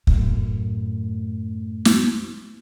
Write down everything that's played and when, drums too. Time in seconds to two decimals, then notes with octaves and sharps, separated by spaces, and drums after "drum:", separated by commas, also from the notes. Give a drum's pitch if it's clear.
0.07 F#2 A2, drum: kick
1.85 drum: snare